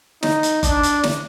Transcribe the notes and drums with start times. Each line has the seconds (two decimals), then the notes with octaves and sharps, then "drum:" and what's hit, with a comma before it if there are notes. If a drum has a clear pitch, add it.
0.23 D#4, drum: snare
0.43 drum: hi-hat
0.63 D4, drum: kick F#1, hi-hat
0.83 drum: hi-hat
1.03 drum: snare